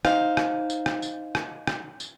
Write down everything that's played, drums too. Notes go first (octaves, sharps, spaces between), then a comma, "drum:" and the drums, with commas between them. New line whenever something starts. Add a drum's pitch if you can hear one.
D#4 C5 F5, drum: rim click
drum: rim click
drum: tambourine
drum: rim click
drum: tambourine
drum: rim click
drum: rim click
drum: tambourine